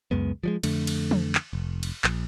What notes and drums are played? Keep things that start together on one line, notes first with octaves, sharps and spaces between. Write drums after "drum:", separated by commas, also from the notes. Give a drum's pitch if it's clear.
C#2 F#2 G#3 B3
F3 F#3 G#3
F2 D3 A3, drum: cymbal
drum: cymbal
drum: tom E3
drum: clap
F1
drum: cymbal
A#1, drum: clap